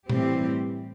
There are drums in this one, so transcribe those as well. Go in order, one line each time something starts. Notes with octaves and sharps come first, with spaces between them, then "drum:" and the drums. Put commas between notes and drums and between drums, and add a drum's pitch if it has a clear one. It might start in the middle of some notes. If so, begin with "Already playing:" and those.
A2 E3 G3 C4 G4, drum: tom B2